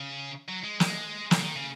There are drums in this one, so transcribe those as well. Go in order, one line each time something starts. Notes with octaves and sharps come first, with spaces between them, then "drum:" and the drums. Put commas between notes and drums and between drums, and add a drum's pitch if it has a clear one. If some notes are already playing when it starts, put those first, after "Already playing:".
Already playing: C#3
F#3
G#3
G#3, drum: snare
C#3, drum: snare
D#3
C#3